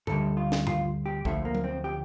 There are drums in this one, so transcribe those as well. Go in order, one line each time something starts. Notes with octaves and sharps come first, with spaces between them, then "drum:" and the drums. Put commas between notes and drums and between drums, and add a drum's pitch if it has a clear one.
D2 D3 G3 A4, drum: tom
F4
drum: snare
F4, drum: tom
G4
D2 D3 F3 A3, drum: kick A#1
A#3
drum: tom F#3
C4
G4